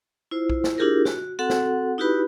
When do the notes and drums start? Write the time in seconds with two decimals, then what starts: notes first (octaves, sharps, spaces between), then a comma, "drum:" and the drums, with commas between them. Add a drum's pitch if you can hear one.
0.31 E4 F4 C5
0.50 drum: kick B1
0.64 drum: snare
0.78 D4 E4 F4 G4 G#4 A#4
1.05 F#4, drum: snare
1.39 C4 F#4 A4 F#5
1.50 drum: snare
1.98 D#4 E4 F#4 G4 B4 B5